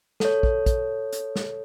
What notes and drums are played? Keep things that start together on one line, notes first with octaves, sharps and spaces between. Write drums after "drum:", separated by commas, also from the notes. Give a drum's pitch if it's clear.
A4 C#5, drum: snare
drum: kick
drum: kick, hi-hat
drum: hi-hat
drum: snare